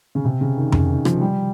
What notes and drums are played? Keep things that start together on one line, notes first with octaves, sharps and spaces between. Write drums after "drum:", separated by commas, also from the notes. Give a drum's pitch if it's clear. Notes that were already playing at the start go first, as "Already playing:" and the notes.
C#3
C3
C#3
D#3
C#3, drum: tom F2
D#3
F3, drum: rim click
G3